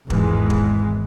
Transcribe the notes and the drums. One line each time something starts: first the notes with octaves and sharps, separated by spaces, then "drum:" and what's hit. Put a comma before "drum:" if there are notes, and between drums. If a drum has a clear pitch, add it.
G#1 E2 E3 G#3, drum: kick
drum: kick